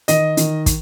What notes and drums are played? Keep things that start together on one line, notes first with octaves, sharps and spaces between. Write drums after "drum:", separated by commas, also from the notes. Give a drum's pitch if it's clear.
D#3 D#5, drum: hi-hat
D#3, drum: hi-hat
drum: kick, hi-hat